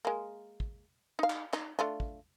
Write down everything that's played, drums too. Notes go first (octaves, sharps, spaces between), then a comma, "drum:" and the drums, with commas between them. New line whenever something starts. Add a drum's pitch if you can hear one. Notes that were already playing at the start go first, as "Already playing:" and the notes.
G#3 A#3
drum: kick
D#4 F5
drum: clap
D#4, drum: clap
A3 D4 F4
drum: kick